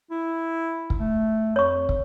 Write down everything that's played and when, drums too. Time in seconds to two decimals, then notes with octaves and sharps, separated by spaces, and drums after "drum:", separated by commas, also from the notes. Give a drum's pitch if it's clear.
0.11 E4
0.90 drum: kick
1.00 A3
1.56 F2 C#5 C#6
1.89 drum: kick